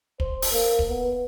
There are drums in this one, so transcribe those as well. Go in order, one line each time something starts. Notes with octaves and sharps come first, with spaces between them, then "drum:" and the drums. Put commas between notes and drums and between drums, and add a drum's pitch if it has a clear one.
C5, drum: kick
drum: open hi-hat
A#3
drum: kick
B3